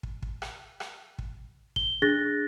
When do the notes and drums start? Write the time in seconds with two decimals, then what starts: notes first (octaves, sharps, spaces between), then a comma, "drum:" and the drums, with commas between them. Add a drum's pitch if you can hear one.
0.03 drum: kick
0.22 drum: kick
0.42 drum: rim click
0.80 drum: rim click
1.19 drum: kick
1.76 G7, drum: kick
2.02 D4 G#4 F#6 A6 A#6